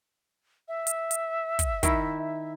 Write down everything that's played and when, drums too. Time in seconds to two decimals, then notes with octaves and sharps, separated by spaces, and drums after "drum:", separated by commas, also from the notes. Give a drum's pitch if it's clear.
0.68 E5
0.87 drum: hi-hat
1.11 drum: hi-hat
1.59 drum: kick, hi-hat
1.83 D#3 E4, drum: kick, hi-hat